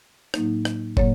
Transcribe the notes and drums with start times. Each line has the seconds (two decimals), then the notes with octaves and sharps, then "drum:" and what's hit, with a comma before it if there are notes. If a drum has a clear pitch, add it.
0.34 A2 F#3 A#3 D#4, drum: rim click
0.65 drum: rim click
0.97 A2 F#3 A#3 C#5, drum: kick